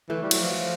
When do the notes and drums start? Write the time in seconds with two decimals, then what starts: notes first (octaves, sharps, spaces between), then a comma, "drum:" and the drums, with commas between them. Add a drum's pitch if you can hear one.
0.09 E3 A3
0.23 G3
0.31 F#3, drum: cymbal
0.40 F3